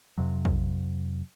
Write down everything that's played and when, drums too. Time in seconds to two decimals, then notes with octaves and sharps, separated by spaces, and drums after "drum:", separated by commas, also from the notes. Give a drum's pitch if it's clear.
0.18 F2 C3 F#3
0.45 drum: kick